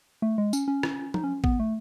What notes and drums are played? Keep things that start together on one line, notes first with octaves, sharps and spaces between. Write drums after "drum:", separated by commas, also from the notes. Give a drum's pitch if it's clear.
A3
G#3
C#4, drum: tambourine
C#4
drum: rim click
D#4, drum: tom F3
C#4
B3, drum: kick G#1
A3